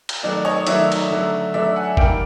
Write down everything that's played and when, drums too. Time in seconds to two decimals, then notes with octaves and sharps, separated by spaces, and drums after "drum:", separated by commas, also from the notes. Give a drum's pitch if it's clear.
0.09 drum: cymbal
0.23 D#3 F#3 A3 D5
0.45 C#5 D#5
0.67 D#3 F#3 A3 D5 E5, drum: hi-hat
0.92 drum: cymbal
1.10 D3 F#3 A3
1.54 D3 F#3 A3 D5 E5
1.76 F#5 G#5
1.97 D#3 G3 A#3 F5 G5, drum: kick G#1